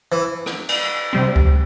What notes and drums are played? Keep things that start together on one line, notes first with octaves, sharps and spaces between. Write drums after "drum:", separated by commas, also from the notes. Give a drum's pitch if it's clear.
E3
drum: rim click
drum: cymbal
C3 G3 C4
drum: kick C#2